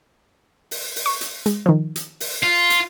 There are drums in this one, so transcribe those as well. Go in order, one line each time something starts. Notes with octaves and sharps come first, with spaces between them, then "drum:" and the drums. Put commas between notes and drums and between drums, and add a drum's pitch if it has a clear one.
drum: open hi-hat
drum: open hi-hat
C#6
drum: hi-hat
G#3, drum: hi-hat
D#3 F3
drum: hi-hat
drum: open hi-hat
F4
drum: hi-hat